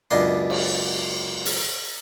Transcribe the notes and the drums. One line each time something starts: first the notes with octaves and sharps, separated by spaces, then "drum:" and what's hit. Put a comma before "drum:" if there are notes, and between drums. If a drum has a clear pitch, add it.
C#2 F#2 B2 D4 C6
drum: cymbal
drum: open hi-hat